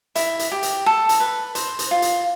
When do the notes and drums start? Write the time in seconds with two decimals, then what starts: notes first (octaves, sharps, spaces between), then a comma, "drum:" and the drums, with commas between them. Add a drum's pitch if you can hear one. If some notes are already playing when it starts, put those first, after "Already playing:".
0.15 E4, drum: hi-hat
0.39 drum: hi-hat
0.52 G4
0.63 drum: hi-hat
0.86 A4
1.09 drum: hi-hat
1.20 B4
1.55 C5, drum: hi-hat
1.79 drum: hi-hat
1.91 F4
2.02 drum: hi-hat